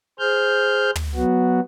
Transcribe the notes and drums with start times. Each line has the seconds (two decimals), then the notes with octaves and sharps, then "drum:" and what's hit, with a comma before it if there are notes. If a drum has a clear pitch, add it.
0.19 G#4 C5 F6 G6
0.96 drum: tom
1.14 F#3 B3 F#4